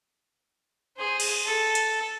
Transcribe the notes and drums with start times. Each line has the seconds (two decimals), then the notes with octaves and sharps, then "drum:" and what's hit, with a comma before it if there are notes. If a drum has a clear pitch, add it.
0.97 G#4 C5
1.20 drum: cymbal
1.46 A4
1.75 drum: hi-hat